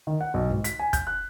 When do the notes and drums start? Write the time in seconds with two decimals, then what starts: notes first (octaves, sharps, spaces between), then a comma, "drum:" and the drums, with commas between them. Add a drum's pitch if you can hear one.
0.07 D#3
0.21 F#5
0.34 B1
0.50 G#1
0.64 B6, drum: hi-hat
0.79 G#5
0.93 G6, drum: kick, hi-hat
1.07 F#6